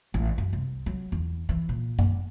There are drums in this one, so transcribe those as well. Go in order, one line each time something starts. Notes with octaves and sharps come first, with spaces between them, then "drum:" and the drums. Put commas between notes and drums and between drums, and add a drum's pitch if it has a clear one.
A1
F#2
C2
F#3
E2
E3
A#2
D3, drum: tom F#2